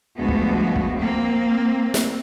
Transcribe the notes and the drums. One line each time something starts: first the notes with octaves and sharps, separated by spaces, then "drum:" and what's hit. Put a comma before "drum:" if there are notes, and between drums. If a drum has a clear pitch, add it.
D2 F3 G3 G#3 B3 F#4
drum: kick
drum: kick
A#3 C4
drum: snare